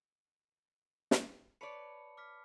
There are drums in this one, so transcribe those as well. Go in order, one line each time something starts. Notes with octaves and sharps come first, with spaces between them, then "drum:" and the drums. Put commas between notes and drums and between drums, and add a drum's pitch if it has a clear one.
drum: snare
B4 C#5 D5 A5 B5 C#7
D6 F6 B6